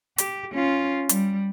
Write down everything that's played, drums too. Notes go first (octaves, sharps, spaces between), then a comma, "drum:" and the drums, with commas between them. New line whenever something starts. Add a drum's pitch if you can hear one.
G4, drum: hi-hat
C#4 F4
G3, drum: hi-hat